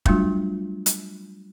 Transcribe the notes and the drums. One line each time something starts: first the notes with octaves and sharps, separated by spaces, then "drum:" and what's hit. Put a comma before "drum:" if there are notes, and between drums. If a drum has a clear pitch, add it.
F#3 G3 A3 D4 F4 F#4, drum: kick
drum: hi-hat